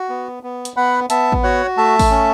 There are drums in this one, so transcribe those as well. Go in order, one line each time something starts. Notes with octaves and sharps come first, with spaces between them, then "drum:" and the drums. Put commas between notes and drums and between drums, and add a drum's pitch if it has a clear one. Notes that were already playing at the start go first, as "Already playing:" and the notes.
Already playing: F#4
B3
B3
drum: hi-hat
B3 F#5 B5
B3 E5 A5, drum: hi-hat
drum: kick A1
F#4 C#5 F#5
A3 E5 A5
drum: kick A1, open hi-hat
C#4